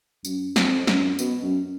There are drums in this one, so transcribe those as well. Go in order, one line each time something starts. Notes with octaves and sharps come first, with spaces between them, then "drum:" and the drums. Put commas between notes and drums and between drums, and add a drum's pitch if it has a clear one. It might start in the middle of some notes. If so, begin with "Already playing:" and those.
F#2, drum: tambourine
F2, drum: snare
F#2, drum: snare
B2, drum: tambourine
F#2